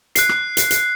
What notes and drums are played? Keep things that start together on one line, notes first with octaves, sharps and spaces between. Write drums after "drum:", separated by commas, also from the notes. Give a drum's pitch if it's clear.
F#6 C7, drum: hi-hat
drum: rim click
drum: hi-hat
drum: hi-hat